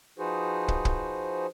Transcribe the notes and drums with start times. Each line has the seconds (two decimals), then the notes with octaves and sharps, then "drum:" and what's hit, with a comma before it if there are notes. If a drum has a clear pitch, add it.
0.18 F3 D#4 F#4 G#4 B4 C5
0.68 drum: kick
0.85 drum: kick